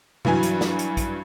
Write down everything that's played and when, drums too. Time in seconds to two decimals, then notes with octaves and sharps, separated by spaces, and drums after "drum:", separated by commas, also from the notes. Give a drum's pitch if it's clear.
0.25 G2 E3 F#3 G#5, drum: tom C3
0.43 drum: hi-hat
0.61 drum: snare
0.79 drum: hi-hat
0.97 drum: kick, hi-hat